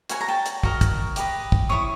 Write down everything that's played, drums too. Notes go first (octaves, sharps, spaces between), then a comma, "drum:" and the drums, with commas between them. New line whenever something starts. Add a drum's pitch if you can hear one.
F#4 A#4 C#5 F#5 G#5, drum: hi-hat
A#5
G5 A5
drum: hi-hat
F#4 A#4 D#5, drum: kick
drum: kick, hi-hat
G4 B4 D#5, drum: hi-hat
drum: kick
E4 A4 C#5 C#6 D#6